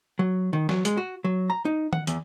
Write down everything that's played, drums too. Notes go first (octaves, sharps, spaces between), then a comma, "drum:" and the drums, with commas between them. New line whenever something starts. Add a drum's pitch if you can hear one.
F#3
D#3
F#3, drum: snare
G#3, drum: hi-hat
F#4
F#3
A#5
D#4
F#5, drum: tom D#3
E2, drum: hi-hat